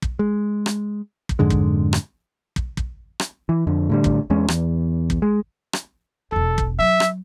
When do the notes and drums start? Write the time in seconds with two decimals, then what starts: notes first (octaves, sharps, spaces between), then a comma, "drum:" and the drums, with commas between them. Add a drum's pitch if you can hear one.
0.02 drum: kick
0.19 G#3
0.66 drum: rim click
1.29 drum: kick
1.39 F2 G#2 D3 G#3
1.50 drum: kick
1.93 drum: rim click
2.56 drum: kick
2.77 drum: kick
3.20 drum: rim click
3.49 E3
3.67 F2 D3
3.90 A2 D3 G3
4.04 drum: kick
4.30 E2 G#3 C#4
4.48 E2, drum: rim click
5.10 drum: kick
5.22 G#3
5.73 drum: rim click
6.32 E1 E2 A4
6.58 drum: kick
6.79 F#3 E5
7.00 drum: rim click